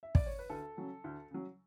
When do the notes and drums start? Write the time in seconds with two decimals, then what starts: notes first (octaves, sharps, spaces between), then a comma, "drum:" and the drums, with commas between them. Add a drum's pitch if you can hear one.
0.03 E5
0.15 D5, drum: kick
0.26 C#5
0.39 B4
0.49 D2 A4
0.77 C#3 F#3
1.04 D2
1.31 C#3 F#3